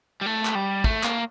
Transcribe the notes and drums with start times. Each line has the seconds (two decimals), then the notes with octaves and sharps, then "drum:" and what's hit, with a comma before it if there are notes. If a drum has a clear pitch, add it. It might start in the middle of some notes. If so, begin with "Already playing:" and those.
0.21 G3
0.26 A3
0.45 drum: clap
0.55 G3
0.84 A3, drum: kick
1.03 A#3, drum: clap